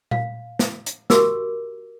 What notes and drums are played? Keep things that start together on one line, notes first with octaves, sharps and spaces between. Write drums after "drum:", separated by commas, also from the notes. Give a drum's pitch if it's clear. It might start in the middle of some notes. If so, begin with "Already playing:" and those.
F5, drum: tom A#2
drum: snare
drum: hi-hat
F#4 G4 A#4 D6 E6, drum: snare